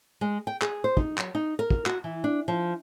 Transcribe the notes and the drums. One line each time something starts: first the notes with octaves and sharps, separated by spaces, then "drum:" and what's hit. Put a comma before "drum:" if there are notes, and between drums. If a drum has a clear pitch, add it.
G#3
G5
G#4, drum: clap
C5
D#4, drum: kick
F#3, drum: clap
D#4
A#4
drum: kick
F#4, drum: clap
E3
D4
F3